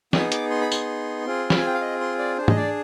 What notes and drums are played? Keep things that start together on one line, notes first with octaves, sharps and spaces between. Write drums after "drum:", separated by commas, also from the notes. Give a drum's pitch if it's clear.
B3 D#4 G#4 D#6, drum: snare
D6, drum: hi-hat
C6
B5
C6, drum: tambourine
C4 F4 G#4
B5, drum: snare
G#5
G5
F5
D#5
C6
D5
D4 G#4 C5
D#5, drum: tom G#2
D5